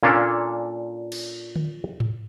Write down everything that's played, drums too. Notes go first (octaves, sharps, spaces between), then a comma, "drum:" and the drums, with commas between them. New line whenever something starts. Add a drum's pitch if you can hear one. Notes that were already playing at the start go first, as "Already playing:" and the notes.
A#2 A#3 C#4 D4 A4 F5
drum: cymbal
drum: tom D3
drum: tom G#2